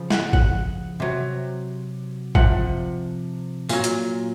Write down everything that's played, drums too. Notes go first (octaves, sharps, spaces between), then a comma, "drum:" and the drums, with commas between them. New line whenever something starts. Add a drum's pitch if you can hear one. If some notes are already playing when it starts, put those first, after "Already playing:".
Already playing: C#3 F3
F#5, drum: snare
F#5, drum: kick A1
C3 F#3
C3 F3 F#5, drum: kick A1
A#2 F#3 F5, drum: tambourine
drum: hi-hat